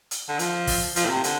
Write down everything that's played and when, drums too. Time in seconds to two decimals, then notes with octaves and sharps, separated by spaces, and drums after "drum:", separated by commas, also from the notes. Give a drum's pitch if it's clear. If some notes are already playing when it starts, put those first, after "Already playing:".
0.11 drum: hi-hat
0.29 D3
0.39 F3, drum: hi-hat
0.67 drum: kick, open hi-hat
0.96 F3, drum: hi-hat
1.05 A2
1.09 C3
1.24 D3, drum: hi-hat